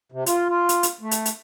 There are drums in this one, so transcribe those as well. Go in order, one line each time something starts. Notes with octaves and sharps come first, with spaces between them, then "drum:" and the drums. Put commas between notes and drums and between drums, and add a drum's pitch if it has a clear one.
C3
F4, drum: hi-hat
F4
drum: hi-hat
drum: hi-hat
A3
drum: hi-hat
drum: hi-hat